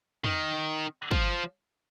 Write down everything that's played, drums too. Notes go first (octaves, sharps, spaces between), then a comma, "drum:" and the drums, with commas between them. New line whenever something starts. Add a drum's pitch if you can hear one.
D#3, drum: tom
F3, drum: kick